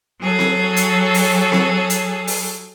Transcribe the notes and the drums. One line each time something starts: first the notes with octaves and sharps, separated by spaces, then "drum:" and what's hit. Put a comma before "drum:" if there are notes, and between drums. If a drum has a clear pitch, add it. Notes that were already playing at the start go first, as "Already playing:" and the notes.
F#3 G#4 A4
drum: snare C4
drum: hi-hat
drum: open hi-hat
drum: snare C4
drum: hi-hat
drum: open hi-hat